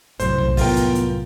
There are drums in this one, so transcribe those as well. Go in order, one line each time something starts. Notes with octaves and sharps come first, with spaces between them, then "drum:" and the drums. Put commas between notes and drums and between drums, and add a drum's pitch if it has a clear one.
C2 F#2 A2 C5, drum: hi-hat
drum: tom B1
B3 F4 A#4 G5, drum: kick, open hi-hat
drum: hi-hat
drum: hi-hat